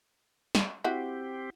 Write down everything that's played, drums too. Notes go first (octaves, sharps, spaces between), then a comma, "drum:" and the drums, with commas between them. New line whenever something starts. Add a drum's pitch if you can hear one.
drum: snare
C4 E4 F#4 G4